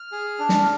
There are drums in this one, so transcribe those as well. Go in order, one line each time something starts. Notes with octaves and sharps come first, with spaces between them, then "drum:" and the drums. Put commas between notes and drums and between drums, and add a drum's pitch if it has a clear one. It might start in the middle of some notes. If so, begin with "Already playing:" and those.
Already playing: F6
G#4
D4
drum: snare